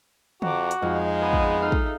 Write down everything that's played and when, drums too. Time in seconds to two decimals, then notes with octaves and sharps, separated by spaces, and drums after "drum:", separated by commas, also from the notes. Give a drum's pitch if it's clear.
0.42 F2 F#4 A#5 D6, drum: tom
0.71 drum: hi-hat
0.82 F2 G#3 D#4 F5
1.22 B3 G#4 D#7
1.33 drum: kick
1.62 D#4 A4 E5 F5
1.72 drum: kick